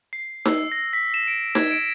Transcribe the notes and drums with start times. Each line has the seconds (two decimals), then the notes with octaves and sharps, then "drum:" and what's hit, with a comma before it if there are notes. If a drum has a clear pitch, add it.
0.13 C7
0.45 E6, drum: snare D#4
0.72 A#6
0.93 B6
1.14 E7
1.28 D7
1.55 G#6, drum: snare D#4
1.71 D7